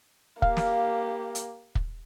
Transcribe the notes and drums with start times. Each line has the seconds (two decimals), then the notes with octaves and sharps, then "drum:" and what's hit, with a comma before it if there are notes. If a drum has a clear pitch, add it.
0.42 A#3 G4 F5, drum: kick
0.57 drum: snare
1.35 drum: hi-hat
1.75 drum: kick